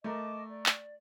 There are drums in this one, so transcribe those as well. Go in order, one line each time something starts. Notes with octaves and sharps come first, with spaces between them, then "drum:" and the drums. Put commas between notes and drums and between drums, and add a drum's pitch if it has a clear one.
A3 A#4 D#5 A5 D6
D5
drum: clap